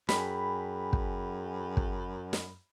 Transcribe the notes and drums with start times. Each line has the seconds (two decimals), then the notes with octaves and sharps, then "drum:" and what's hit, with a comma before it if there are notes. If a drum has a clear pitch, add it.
0.09 F#2 G#4 G5 G#5 B5, drum: snare
0.93 drum: kick
1.77 drum: kick
2.33 drum: snare